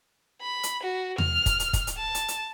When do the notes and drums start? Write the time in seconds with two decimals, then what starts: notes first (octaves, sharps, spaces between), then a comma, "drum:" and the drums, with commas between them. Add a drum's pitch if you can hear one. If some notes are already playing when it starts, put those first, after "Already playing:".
0.41 B5
0.63 drum: hi-hat
0.83 F#4
1.18 F6, drum: tom E2
1.46 drum: kick, hi-hat
1.60 drum: hi-hat
1.73 drum: kick, hi-hat
1.87 drum: hi-hat
1.98 A5
2.15 drum: hi-hat
2.28 drum: hi-hat